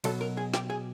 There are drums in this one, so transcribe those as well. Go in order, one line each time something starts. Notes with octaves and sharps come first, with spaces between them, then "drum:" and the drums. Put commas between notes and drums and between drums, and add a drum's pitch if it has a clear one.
B1 B2 F#3 A4, drum: cymbal
A#4
G#4
G4, drum: snare
G#4